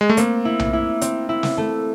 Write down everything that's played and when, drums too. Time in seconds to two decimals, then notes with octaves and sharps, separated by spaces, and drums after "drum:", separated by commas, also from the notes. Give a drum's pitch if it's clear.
0.01 G#3
0.10 A3
0.17 A#3 C4, drum: hi-hat
0.45 E4
0.59 drum: tom B1
0.73 E4
1.01 C4, drum: hi-hat
1.29 E4
1.43 drum: snare
1.57 A3